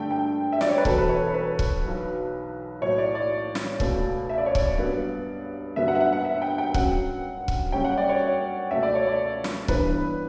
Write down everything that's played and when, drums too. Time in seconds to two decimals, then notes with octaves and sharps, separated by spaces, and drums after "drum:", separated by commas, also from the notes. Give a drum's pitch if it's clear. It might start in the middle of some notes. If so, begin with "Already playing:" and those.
Already playing: G2 D3 A3 D4 G5
0.11 G5
0.52 E5
0.61 D5, drum: snare
0.69 C#5
0.78 B4
0.85 E2 B2 F#3 A4, drum: kick
0.98 B4
1.09 C#5
1.22 A4
1.34 B4
1.59 drum: kick
1.84 B1 B2 F#3
2.82 B1 A2 F#3 A3 C#5
2.98 D5
3.15 D5
3.55 drum: snare
3.80 C#2 B2 A3, drum: kick
4.30 E5
4.38 D5
4.46 C#5
4.55 D5, drum: kick
4.78 G2 F#3 B3
5.76 G1 G2 D3 F#3 B3 E5
5.88 F#5
5.95 E5
6.01 F#5
6.13 F#5
6.25 E5
6.42 G5
6.58 G5
6.74 F#2 C#3 F#3 F#5, drum: kick
7.48 drum: kick
7.72 F#2 C#3 G3 C#4 G5
7.85 F#5
7.98 D5
8.09 C#5
8.22 C#5
8.71 C#2 B2 A3 E5
8.83 D5
8.95 C#5
9.07 D5
9.44 drum: snare
9.68 G2 E3 B3 D4 B4, drum: kick